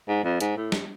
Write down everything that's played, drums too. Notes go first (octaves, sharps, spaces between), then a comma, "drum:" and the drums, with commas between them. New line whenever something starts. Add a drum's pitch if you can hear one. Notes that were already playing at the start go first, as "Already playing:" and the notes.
G#2
F2
G#2, drum: hi-hat
A2
drum: snare